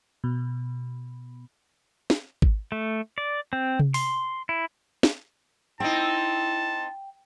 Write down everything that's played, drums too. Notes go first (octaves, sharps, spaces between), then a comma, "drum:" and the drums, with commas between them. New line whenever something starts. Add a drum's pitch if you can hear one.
B2
drum: snare
drum: kick G#1
A3
D5
C4
drum: tom C3
C6, drum: open hi-hat
E4
drum: snare
C4 D#4 E4 G5 A5